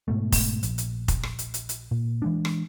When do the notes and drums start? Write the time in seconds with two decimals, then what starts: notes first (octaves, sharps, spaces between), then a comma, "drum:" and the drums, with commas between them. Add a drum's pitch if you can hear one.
0.08 G#2 B2 A3
0.32 drum: kick F1, open hi-hat
0.63 A#1, drum: hi-hat
0.78 drum: hi-hat
1.08 drum: kick F1, hi-hat
1.23 drum: rim click
1.39 drum: hi-hat
1.54 drum: hi-hat
1.69 drum: hi-hat
1.91 A#2
2.22 E3 G#3 D4
2.45 drum: rim click